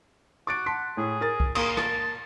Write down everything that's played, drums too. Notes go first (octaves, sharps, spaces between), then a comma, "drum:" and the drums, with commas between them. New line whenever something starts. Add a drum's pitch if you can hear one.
F#4 D6 A6 D7
F#5 A5 C6 B6
A2 G#4
A#4 A6
drum: kick C2
A#3 G#4 D#6, drum: cymbal
A5, drum: rim click